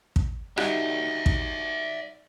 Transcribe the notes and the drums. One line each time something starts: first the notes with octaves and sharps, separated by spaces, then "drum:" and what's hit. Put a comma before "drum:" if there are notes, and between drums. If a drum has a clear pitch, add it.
drum: kick
G3 D#4 F#4 D5 E5, drum: rim click
drum: kick